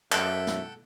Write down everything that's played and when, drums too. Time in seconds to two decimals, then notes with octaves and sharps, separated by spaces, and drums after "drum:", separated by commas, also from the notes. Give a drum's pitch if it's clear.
0.12 F#2 A4 E5 F#5 G5, drum: clap
0.47 drum: snare